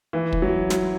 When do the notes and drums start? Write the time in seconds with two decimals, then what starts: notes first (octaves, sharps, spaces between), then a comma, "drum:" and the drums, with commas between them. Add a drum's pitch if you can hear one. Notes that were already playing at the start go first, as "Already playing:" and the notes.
0.13 E3
0.33 drum: kick
0.42 F#3
0.70 drum: snare